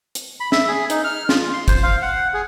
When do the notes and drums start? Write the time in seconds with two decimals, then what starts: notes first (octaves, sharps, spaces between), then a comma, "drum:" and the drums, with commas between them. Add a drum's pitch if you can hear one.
0.15 drum: hi-hat
0.40 B5
0.52 E5, drum: snare
0.68 G#4
0.90 D#4, drum: hi-hat
1.04 F6
1.29 F4, drum: snare
1.53 C6
1.68 C5, drum: kick, hi-hat
1.83 F5
2.02 F#5
2.34 G#4